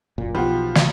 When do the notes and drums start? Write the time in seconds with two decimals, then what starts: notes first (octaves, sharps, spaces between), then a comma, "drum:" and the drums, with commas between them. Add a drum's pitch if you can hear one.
0.18 F#1 F#2 A#2
0.35 B1 F3 B3 F4 G4 F#5 B5
0.75 drum: snare